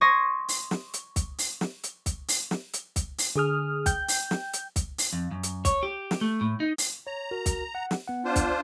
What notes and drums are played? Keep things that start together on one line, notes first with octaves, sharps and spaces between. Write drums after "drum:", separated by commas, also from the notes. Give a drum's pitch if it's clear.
C6 C#6 D#6 G#6 A#6
drum: open hi-hat
drum: snare
drum: hi-hat
drum: kick, hi-hat
drum: open hi-hat
drum: snare
drum: hi-hat
drum: kick, hi-hat
drum: open hi-hat
drum: snare
drum: hi-hat
drum: kick, hi-hat
drum: open hi-hat
D3 G#4 D#6 F6
G5 G6, drum: kick, hi-hat
drum: open hi-hat
drum: snare
drum: hi-hat
drum: kick, hi-hat
drum: open hi-hat
F2
F#2
drum: hi-hat
C#5, drum: kick, hi-hat
G4
drum: snare
A3
A2
D#4
drum: open hi-hat
C#5 A#5
F#4 A#4
drum: kick, hi-hat
F#5
drum: snare
B3 F#5
D4 F4 C5
drum: kick, hi-hat